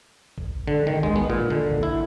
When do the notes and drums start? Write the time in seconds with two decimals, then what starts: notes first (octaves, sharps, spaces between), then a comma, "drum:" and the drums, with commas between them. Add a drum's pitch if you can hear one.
0.38 drum: kick
0.68 D3
0.87 D#3
1.03 G#3, drum: kick
1.16 B3
1.30 A#2
1.50 D3
1.69 drum: kick
1.83 E4